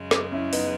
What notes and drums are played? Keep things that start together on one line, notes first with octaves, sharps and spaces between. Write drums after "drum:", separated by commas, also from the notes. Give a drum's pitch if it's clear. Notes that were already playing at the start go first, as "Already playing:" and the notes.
Already playing: F#2 C#3 G#3
drum: snare
C#4 E4
B3 D#4, drum: open hi-hat